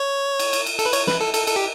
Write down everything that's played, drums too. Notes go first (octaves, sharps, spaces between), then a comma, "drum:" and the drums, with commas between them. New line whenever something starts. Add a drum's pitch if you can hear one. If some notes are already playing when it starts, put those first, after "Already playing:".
Already playing: C#5
drum: cymbal
drum: cymbal
drum: cymbal
A4, drum: cymbal
B4
C#5, drum: cymbal
B4, drum: snare
A4
A4, drum: cymbal
A4, drum: cymbal
G4